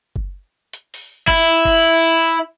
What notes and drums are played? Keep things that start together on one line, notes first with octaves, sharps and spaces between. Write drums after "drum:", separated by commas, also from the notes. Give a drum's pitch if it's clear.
drum: kick F#1
drum: hi-hat
drum: open hi-hat
E4, drum: kick F#1
drum: kick F#1